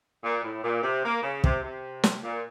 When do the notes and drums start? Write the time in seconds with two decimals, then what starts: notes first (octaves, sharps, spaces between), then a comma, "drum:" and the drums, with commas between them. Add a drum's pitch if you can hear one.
0.23 A#2
0.44 A2
0.63 A#2
0.83 C3
1.04 A#3
1.23 C#3
1.44 C3, drum: kick
1.64 C3
2.04 drum: snare
2.23 A#2